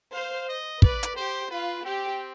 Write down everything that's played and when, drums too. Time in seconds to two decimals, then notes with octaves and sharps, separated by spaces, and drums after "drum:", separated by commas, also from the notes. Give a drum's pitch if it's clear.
0.14 C5 F5
0.49 D#5
0.82 B4 D5, drum: kick
1.03 drum: hi-hat
1.16 G4 C5
1.50 F4 B4
1.85 C4 G4